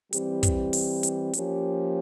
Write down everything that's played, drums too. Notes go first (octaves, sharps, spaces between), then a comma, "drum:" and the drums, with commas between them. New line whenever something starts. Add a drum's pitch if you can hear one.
E3 G3 C4 G4, drum: hi-hat
drum: kick, hi-hat
drum: open hi-hat
drum: hi-hat
F3 A#3 C#4 G4, drum: hi-hat